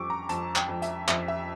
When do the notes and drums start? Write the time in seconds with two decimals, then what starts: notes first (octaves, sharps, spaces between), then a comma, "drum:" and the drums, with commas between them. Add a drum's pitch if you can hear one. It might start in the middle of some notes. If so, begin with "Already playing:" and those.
Already playing: F2 G3 C#6 D6 E6
0.10 A#5
0.29 F2 A5, drum: hi-hat
0.56 G5, drum: clap
0.68 F2
0.82 E5, drum: hi-hat
1.08 F2 E5, drum: clap
1.28 E5